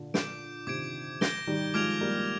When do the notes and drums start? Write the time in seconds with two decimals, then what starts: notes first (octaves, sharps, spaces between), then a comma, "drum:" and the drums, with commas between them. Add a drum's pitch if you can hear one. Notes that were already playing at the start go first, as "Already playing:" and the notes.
Already playing: A#2 D3
0.14 D6 G6 D7, drum: snare
0.67 C3 D#3 D6 G#6 D7
1.21 G6 A#6 D7 G7, drum: snare
1.47 D#3 G3
1.74 F3 G#3 D6 F6 G#6 D7 F7
2.01 G3 A#3